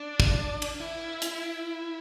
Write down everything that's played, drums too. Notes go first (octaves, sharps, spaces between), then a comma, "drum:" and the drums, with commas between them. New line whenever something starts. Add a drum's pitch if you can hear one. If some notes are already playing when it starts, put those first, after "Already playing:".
Already playing: D4
drum: kick
drum: cymbal
E4
drum: hi-hat